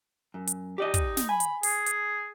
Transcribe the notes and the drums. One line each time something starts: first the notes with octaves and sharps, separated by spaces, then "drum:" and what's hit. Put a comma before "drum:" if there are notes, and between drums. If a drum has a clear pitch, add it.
F#2
drum: hi-hat
D#4 G4 D5 D#5
drum: kick, hi-hat
drum: snare
G#5 B5
drum: hi-hat
G#4, drum: open hi-hat
drum: hi-hat